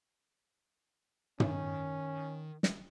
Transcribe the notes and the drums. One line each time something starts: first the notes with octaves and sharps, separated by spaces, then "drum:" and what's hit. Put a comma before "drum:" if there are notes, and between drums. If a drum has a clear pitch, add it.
D#3 C#4, drum: tom
drum: snare